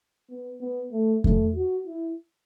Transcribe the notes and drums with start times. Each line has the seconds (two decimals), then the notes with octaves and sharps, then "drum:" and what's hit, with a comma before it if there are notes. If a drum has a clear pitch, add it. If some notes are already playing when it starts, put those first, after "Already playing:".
0.30 B3
0.61 B3
0.93 A3
1.24 A3, drum: kick F2
1.55 F#4
1.87 E4